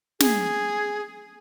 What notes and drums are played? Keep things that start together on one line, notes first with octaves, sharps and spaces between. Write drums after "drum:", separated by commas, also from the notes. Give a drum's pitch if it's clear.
G#4, drum: snare